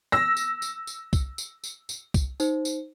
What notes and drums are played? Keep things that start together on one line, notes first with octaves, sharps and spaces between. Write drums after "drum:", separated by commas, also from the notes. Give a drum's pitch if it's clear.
E6 A#6
drum: tambourine
drum: tambourine
drum: tambourine
drum: kick, tambourine
drum: tambourine
drum: tambourine
drum: tambourine
drum: kick, tambourine
D#4 C5, drum: tambourine
drum: tambourine